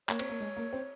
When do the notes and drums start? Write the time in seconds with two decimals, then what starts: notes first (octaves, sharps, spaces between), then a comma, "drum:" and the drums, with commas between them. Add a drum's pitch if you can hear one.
0.09 A#3 C#5, drum: clap
0.19 C4, drum: cymbal
0.30 A#3
0.40 G#3
0.57 A#3
0.73 C4